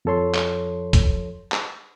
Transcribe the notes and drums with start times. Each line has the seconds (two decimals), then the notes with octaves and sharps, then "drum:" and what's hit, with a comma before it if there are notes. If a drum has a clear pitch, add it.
0.05 F2 F3 A4 C#5 C6
0.34 drum: clap
0.93 drum: kick F1, hi-hat
1.52 drum: clap